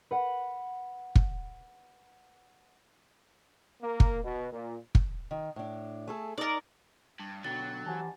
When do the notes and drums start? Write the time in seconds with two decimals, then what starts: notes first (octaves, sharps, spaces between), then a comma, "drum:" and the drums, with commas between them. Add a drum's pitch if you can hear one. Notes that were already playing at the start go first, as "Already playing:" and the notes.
0.11 B4 F#5
1.15 drum: kick
3.83 A#3
4.00 drum: kick
4.24 B2
4.53 A#2
4.95 drum: kick
5.31 D#3
5.56 A2 D4
6.08 A3 G#4 A4
6.38 D#4 A#4 D5
7.20 G2
7.45 B2 D3 F#3 G5 A6
7.86 E3 G4 C5 F#5 G#5 A5